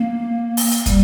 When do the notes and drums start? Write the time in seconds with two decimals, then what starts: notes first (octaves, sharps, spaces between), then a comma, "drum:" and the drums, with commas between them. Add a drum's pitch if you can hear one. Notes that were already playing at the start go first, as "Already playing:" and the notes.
Already playing: A#3
0.57 drum: open hi-hat
0.71 drum: hi-hat
0.86 G3, drum: kick, hi-hat